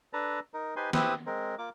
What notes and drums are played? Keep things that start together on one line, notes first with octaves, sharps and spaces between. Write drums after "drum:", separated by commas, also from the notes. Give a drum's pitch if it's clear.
D4 A4 B4 A5 A#5
D#4 A#4
D#4 G4 B4 C5 G#5 C6
C4 E4 G4 B4 D#6 E6, drum: snare
G#3 C4 A#4
A#3 F4 D6